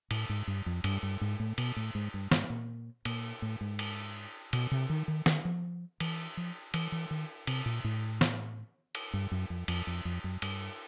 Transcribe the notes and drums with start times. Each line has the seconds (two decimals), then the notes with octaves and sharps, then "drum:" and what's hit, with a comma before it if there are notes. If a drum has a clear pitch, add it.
0.11 A2, drum: cymbal
0.29 G#2
0.47 G2
0.66 F2
0.84 G2, drum: cymbal
1.03 G2
1.21 G#2
1.40 A2
1.58 B2, drum: cymbal
1.76 A2
1.95 G#2
2.14 G2
2.31 G#2, drum: snare
2.50 A#2
3.05 A#2, drum: cymbal
3.42 A2
3.61 G#2
3.79 drum: cymbal
4.53 B2, drum: cymbal
4.71 C3
4.90 D#3
5.08 D#3
5.26 D#3, drum: snare
5.45 F3
6.00 E3, drum: cymbal
6.37 F3
6.74 E3, drum: cymbal
6.92 E3
7.11 D#3
7.47 C3, drum: cymbal
7.66 A#2
7.84 A2
8.21 drum: snare
8.95 drum: cymbal
9.13 G2
9.32 F#2
9.50 F2
9.68 F2, drum: cymbal
9.87 F2
10.05 F2
10.24 F#2
10.42 G2, drum: cymbal